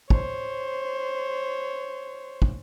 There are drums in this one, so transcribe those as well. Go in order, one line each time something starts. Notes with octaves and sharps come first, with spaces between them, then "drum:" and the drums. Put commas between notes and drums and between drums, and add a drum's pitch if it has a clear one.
C5 C#5, drum: kick
drum: kick